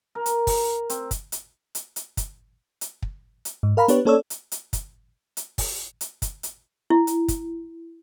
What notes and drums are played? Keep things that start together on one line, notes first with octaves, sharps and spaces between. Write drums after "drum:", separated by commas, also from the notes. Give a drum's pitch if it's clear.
A#4
drum: hi-hat
drum: kick, open hi-hat
C4, drum: hi-hat
drum: kick, hi-hat
drum: hi-hat
drum: hi-hat
drum: hi-hat
drum: kick, hi-hat
drum: hi-hat
drum: kick
drum: hi-hat
G#2
A#4 F5 A#5 B5
B3 D4 G4 B4 C#5, drum: hi-hat
A#3 C#4 A4 C#5 D5 E6
drum: hi-hat
drum: hi-hat
drum: kick, hi-hat
drum: hi-hat
drum: kick, open hi-hat
drum: hi-hat
drum: kick, hi-hat
drum: hi-hat
E4
drum: hi-hat
drum: kick, hi-hat